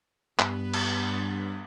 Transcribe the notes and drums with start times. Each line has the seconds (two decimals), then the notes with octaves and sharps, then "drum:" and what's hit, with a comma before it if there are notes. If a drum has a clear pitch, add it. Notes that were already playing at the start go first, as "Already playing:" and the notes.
0.39 G2 B3 B4, drum: clap
0.74 drum: cymbal